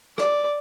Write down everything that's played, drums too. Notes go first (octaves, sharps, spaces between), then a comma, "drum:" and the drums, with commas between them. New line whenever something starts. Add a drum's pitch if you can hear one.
D5, drum: rim click